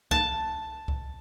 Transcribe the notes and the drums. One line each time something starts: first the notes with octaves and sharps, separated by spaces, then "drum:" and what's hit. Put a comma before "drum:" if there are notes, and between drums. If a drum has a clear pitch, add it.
A5, drum: kick C2
drum: kick C2